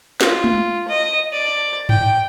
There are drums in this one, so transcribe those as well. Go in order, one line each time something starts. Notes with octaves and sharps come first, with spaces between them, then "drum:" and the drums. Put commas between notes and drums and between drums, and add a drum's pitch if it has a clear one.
F4, drum: snare
drum: tom G#3
D#5
D5
G5, drum: tom G2